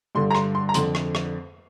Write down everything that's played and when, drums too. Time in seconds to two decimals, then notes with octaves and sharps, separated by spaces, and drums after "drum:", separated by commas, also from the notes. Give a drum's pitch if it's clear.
0.15 G2 D3 C6
0.30 A#5
0.35 C6, drum: rim click
0.55 C6
0.69 A#5
0.74 F2 D3 C6, drum: hi-hat
0.95 drum: rim click
1.15 drum: rim click